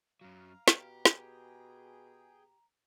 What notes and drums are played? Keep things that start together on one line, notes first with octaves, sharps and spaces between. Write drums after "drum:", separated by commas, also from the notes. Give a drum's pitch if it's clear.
F#2 F#3 F5 A#5
B2 G4, drum: snare
G#4 G5, drum: snare